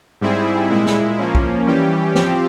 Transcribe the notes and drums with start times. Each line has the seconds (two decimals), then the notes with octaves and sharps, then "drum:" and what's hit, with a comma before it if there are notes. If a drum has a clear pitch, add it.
0.21 G#2 G3 C4 E4 G#4
0.70 A#2 G#3 E4
0.86 drum: snare
1.18 F3 A#3 C#4
1.35 drum: kick B1
1.67 E3 G3 C#4 G4
2.15 F3 C4 G4, drum: snare